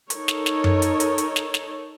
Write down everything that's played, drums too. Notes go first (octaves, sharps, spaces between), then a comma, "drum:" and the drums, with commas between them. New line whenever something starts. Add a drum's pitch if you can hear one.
D#4 A4 A#4 C#5, drum: hi-hat
drum: snare
drum: snare
drum: tom F#2
drum: hi-hat
drum: hi-hat
drum: hi-hat
drum: snare
drum: snare